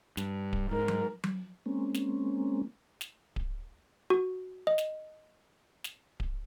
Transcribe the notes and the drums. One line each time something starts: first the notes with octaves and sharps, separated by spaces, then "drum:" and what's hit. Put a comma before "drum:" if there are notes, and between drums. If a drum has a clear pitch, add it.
G2, drum: snare
drum: kick D1
G#2 A#4
drum: tom F#3
drum: tom F#3
G#3 A#3 C4 C#4
drum: snare
drum: snare
drum: kick D1
F#4
D#5
drum: snare
drum: snare
drum: kick D1